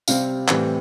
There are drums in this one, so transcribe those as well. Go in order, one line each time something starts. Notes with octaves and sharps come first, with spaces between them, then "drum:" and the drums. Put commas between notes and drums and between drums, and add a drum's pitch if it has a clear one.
C3 G3 C4 F5, drum: tambourine
A2 E3 G3 C4, drum: clap